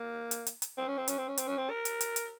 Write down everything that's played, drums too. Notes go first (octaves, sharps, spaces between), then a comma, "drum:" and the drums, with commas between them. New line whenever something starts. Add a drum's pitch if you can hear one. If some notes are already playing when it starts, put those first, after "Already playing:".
Already playing: A#3
drum: hi-hat
drum: hi-hat
drum: hi-hat
C4
C#4
C4
C#4, drum: hi-hat
C4
C#4
C4, drum: hi-hat
C#4
C4
A#4
drum: hi-hat
drum: hi-hat
drum: hi-hat